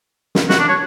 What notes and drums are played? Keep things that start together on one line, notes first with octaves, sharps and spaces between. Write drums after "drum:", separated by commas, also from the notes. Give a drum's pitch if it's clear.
drum: snare
F#4, drum: snare
D4
C#5